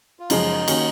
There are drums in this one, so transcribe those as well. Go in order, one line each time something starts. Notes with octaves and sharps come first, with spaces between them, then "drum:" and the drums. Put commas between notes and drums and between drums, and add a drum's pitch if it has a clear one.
F4
F#2 C#3 F3 G#3 D#4, drum: cymbal
D#3 A#3 C#4 F#4, drum: cymbal